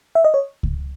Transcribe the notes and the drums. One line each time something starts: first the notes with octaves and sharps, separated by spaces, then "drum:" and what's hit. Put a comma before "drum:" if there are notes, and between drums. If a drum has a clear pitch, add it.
E5
D#5
C#5
drum: kick C#2